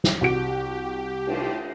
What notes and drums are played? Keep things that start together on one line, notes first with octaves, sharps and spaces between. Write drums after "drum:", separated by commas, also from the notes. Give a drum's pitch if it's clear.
drum: snare
C2 F#4 G4 D7
drum: cymbal